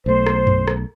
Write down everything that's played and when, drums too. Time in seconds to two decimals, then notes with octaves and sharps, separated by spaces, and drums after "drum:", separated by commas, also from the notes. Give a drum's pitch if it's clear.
0.06 B1 A3 C5
0.27 drum: rim click
0.47 drum: tom F#2
0.68 drum: rim click